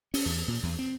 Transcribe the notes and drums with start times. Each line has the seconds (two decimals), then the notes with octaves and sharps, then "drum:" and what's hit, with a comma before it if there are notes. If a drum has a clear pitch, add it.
0.14 C#4, drum: open hi-hat
0.26 E2
0.48 A#2
0.63 E2
0.79 C4